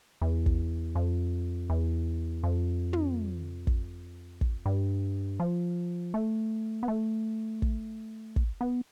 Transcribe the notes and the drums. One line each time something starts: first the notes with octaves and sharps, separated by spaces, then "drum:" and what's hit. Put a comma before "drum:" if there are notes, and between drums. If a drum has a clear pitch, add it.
E2
drum: kick
F2
E2
F2
drum: tom
drum: kick
drum: kick
G2
F3
A3
B3
A3
drum: kick
drum: kick
B3